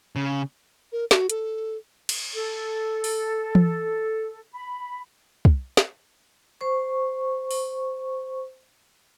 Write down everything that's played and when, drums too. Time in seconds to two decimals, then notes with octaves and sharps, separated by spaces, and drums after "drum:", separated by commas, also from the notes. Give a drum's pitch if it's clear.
0.16 C#3
0.92 A#4
1.11 F#4, drum: snare
1.30 A4, drum: hi-hat
2.09 drum: cymbal
2.35 A4
3.04 drum: open hi-hat
3.55 drum: tom E3
4.54 B5
5.45 drum: kick
5.77 drum: snare
6.61 C5 C#6
7.51 drum: open hi-hat